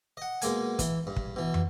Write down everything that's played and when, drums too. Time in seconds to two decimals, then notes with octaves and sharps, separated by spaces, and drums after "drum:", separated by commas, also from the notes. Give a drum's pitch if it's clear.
0.17 D#5 F#5
0.42 B2 G#3 A#3 G#5, drum: hi-hat
0.79 E3, drum: kick, hi-hat
1.07 G2
1.16 drum: kick
1.36 B2 E3
1.54 drum: tom